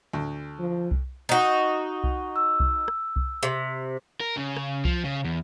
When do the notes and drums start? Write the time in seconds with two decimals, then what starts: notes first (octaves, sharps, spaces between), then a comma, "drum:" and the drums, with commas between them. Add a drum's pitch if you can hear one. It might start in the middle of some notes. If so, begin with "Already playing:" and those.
0.13 D2
0.59 F3
0.91 drum: kick C2
1.29 D#4 F#4
2.04 drum: kick C2
2.36 E6
2.60 drum: kick C2
2.88 drum: rim click
3.16 drum: kick C2
3.43 C3
4.21 A#4
4.37 C#3
4.57 drum: rim click
4.85 F3, drum: kick C2
5.04 C#3
5.24 E2